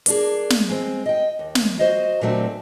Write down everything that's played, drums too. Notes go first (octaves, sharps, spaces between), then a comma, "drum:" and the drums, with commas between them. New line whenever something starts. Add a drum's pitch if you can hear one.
A#3 D4 G#4, drum: hi-hat
drum: snare
G#3 C4
D#5 G5
D#2
drum: snare
F#4 C5 D#5 F5
A#2 D3 F#3 A3 C4